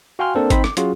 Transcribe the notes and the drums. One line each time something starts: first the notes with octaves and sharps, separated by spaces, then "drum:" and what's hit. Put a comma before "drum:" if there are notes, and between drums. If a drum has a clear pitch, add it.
F#4 F5 G5 G#5 C6 F6
A#3 C4 D4 A4 A#4 C5
C4 D#4 B5 C6 B6, drum: kick G#1, hi-hat
D6, drum: rim click
F#3 C#4 F4 F#4 G#4, drum: hi-hat